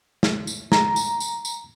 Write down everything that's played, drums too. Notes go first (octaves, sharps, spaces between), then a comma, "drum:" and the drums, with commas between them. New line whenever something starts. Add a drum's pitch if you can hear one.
drum: snare
drum: tambourine
A#5, drum: snare
drum: tambourine
drum: tambourine
drum: tambourine